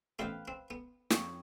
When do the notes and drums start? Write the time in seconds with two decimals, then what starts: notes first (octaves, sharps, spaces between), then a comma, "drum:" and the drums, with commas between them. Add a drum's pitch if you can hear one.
0.19 A1 B2 C4 B4 F5 G5
0.48 C4
0.71 B3
1.10 F2 C#5 G5, drum: snare